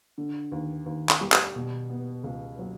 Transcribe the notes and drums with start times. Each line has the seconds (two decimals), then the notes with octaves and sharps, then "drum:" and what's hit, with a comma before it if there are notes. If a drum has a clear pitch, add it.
0.18 D3
0.52 D#2
0.86 D#2
1.09 drum: clap
1.21 G3
1.32 drum: clap
1.56 B2
1.90 B3
2.24 C#2
2.59 F#3